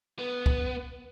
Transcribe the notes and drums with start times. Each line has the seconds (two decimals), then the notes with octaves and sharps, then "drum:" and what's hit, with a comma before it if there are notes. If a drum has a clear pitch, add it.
0.19 B3
0.46 drum: kick